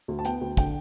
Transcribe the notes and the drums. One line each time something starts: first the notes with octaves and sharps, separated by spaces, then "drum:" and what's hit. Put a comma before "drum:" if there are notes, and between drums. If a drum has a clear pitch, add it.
D2
A5
B3 G5, drum: hi-hat
D2
D3 G5, drum: kick, hi-hat